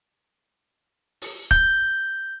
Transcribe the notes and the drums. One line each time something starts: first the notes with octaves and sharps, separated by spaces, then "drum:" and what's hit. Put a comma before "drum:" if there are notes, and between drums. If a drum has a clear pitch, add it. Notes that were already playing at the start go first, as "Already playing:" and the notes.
drum: open hi-hat
G6, drum: kick